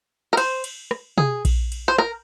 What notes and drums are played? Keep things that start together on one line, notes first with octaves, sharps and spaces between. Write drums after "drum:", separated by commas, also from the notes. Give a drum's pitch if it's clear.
A#4
C5, drum: cymbal
drum: cymbal
drum: rim click
G#4, drum: tom
drum: kick A#1, cymbal
drum: cymbal
C5
A#4, drum: rim click